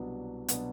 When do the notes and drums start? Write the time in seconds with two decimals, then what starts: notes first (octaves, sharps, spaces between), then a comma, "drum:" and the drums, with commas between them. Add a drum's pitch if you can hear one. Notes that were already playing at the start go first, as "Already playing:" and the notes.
Already playing: C2 B2 F#3 B3 D4
0.48 B2 F#3 B3 D4, drum: hi-hat